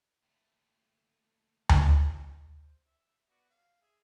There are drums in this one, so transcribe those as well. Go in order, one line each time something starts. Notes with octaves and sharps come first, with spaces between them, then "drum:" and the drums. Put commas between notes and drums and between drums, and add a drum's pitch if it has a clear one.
D#2 A3
drum: tom D2
C5
E5
B3 F#4 D5
F5
G#4 E5